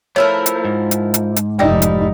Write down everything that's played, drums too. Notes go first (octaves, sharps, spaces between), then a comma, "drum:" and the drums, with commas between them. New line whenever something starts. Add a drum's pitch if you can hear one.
F3 A3 E4 A#4 C#5
drum: hi-hat
G#2
drum: hi-hat
drum: hi-hat
drum: hi-hat
F1 G3 D#4 E4 D5 G5
drum: hi-hat